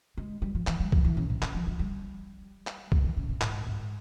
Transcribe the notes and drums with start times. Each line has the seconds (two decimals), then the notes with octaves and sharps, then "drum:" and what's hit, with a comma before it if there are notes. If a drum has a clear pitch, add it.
0.18 G#3
0.42 G3
0.55 F3
0.67 E3, drum: clap
0.80 G3
0.92 F3, drum: kick C2
1.05 E3
1.17 C#3
1.30 C3
1.42 C#3, drum: clap
1.54 F3
1.67 F3
1.79 G3
2.67 drum: clap
2.92 G3, drum: kick C2
3.04 E3
3.17 C#3
3.29 C3
3.41 G#2, drum: clap
3.66 G#2